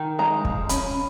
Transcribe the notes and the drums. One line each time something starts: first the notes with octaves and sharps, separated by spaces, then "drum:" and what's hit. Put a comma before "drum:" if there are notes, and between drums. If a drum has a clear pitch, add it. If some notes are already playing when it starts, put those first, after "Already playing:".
Already playing: D#3
G#3 A#5
F3, drum: kick
C#4 B5, drum: hi-hat